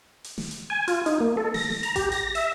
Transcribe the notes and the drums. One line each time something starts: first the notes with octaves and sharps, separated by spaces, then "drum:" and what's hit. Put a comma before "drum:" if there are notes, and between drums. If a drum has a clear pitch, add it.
drum: hi-hat
drum: snare
drum: hi-hat
G#5
F4, drum: hi-hat
D#4, drum: hi-hat
A#3
A4
A#6, drum: snare
drum: snare
A#5, drum: hi-hat
G4, drum: kick A1, hi-hat
A#6, drum: hi-hat
E5, drum: hi-hat